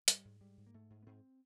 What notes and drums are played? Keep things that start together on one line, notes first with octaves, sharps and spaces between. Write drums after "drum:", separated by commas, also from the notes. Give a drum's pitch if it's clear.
G#2 G3, drum: hi-hat
G#2
G#2 G3
G#2
A#3
G#2 A3
G#2
B3
G#2 C4